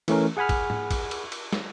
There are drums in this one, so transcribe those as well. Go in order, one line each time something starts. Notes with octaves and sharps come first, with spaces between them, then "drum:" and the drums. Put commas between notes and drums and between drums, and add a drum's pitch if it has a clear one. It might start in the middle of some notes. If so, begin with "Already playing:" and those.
E3 A3 C#4 A#4, drum: cymbal
G#4 F#5 G#5 B5 F6
drum: kick, cymbal
drum: tom G#2
drum: kick, cymbal
drum: cymbal
drum: cymbal
drum: snare